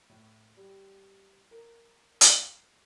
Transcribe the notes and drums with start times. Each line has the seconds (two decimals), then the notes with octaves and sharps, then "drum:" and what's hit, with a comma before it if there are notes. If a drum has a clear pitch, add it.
0.09 A2
0.57 G3
1.51 A#4
2.21 F5, drum: hi-hat